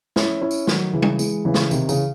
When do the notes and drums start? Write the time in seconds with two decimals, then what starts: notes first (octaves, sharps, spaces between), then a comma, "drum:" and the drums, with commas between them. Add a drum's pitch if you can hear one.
0.16 C#4 E4, drum: snare
0.42 C#4 E4
0.51 drum: tambourine
0.67 D#3 F#3, drum: snare
0.93 C#3 E3
1.02 drum: tom
1.19 E3 G#3, drum: tambourine
1.45 C#3 E3
1.54 drum: snare
1.71 C3 D#3, drum: tambourine
1.89 C#3 E3, drum: tambourine